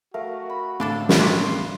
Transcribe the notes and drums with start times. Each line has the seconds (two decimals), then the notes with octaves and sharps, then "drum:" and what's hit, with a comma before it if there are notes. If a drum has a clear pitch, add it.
0.14 A3 F#4 A#4 F5
0.50 B5
0.80 A2 D3 C4 D4 A4 F5
1.09 drum: snare
1.19 F#3 B3 D4 C6